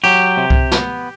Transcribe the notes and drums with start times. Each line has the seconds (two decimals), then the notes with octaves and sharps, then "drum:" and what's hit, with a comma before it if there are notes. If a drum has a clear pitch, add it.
0.04 F#3 G4
0.37 C3
0.50 drum: kick C2
0.72 B3, drum: snare